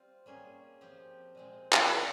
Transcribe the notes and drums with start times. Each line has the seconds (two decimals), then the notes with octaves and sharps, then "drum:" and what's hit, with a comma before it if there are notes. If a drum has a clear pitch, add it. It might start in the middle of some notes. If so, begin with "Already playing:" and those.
Already playing: G3 C4 F4
0.26 G3 A#3 C#4 G#4
0.81 F3 C4 G4
1.35 A#2 G#3 C4
1.73 drum: clap
1.90 C#3 G3 C4 D#4